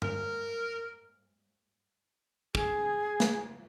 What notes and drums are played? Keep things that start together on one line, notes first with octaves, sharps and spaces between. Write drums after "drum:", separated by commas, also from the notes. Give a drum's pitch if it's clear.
A#4, drum: tom G2
G#4, drum: kick
drum: snare